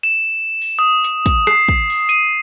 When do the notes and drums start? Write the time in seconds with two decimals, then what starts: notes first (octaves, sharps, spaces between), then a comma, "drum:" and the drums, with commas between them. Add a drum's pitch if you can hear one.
0.03 E7
0.62 drum: open hi-hat
0.79 D#6
1.04 drum: hi-hat
1.26 drum: kick, hi-hat
1.47 C7, drum: rim click
1.69 drum: kick
1.90 drum: open hi-hat
2.09 D#7, drum: hi-hat